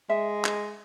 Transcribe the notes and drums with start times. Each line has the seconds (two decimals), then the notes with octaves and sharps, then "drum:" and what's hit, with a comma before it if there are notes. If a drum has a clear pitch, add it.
0.09 G#3 E5
0.45 drum: clap